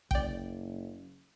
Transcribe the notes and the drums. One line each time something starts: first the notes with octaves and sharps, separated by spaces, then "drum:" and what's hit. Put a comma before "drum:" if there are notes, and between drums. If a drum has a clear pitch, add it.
F#1 D5 G5, drum: kick A1